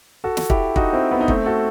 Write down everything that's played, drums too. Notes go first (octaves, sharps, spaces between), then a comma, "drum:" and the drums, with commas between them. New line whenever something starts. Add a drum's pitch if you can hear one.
F#4 A4
drum: snare
E4 G4, drum: kick
D#4 F#4, drum: kick
C4 E4
B3
D#4
A3 C4, drum: kick
F#4 A4